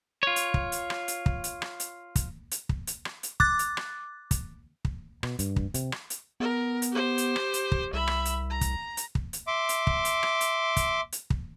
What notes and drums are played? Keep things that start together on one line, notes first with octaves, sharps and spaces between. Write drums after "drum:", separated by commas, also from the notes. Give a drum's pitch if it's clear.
F4 C#5
drum: hi-hat
drum: kick
drum: hi-hat
drum: rim click
drum: hi-hat
drum: kick
drum: hi-hat
drum: rim click
drum: hi-hat
drum: kick, hi-hat
drum: hi-hat
drum: kick
drum: hi-hat
drum: rim click
drum: hi-hat
D6 F#6 A6, drum: kick
drum: hi-hat
drum: rim click
drum: kick, hi-hat
drum: kick
B2, drum: rim click
G2, drum: hi-hat
drum: kick
C3, drum: hi-hat
drum: rim click
drum: hi-hat
B3 A#4
drum: hi-hat
G4 C5
drum: hi-hat
drum: rim click
drum: hi-hat
drum: kick
C2 E5 B5
drum: rim click
drum: hi-hat
A#5
drum: kick, hi-hat
drum: hi-hat
drum: kick
drum: hi-hat
E5 C6 D6
drum: hi-hat
drum: kick
drum: hi-hat
drum: rim click
drum: hi-hat
drum: kick, hi-hat
drum: hi-hat
drum: kick